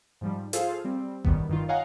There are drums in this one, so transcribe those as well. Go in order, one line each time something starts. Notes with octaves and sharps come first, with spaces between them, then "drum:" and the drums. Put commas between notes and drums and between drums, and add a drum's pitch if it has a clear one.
G#2 F3 G3
F4 G#4 A4 C5 F5, drum: hi-hat
G3 C4
F#2 D#3 G3 B3, drum: kick G1
G2 D#3 F4
C#5 D#5 F5 F#5 G#5 A#5